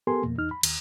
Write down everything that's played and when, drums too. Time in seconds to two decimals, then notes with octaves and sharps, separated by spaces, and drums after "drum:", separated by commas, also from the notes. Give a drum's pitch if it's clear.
0.07 B3 G4 A4 A#4 G#5 C6
0.22 F2 B2 A#3
0.38 E2 D#4 F6
0.51 B5
0.63 D#2, drum: cymbal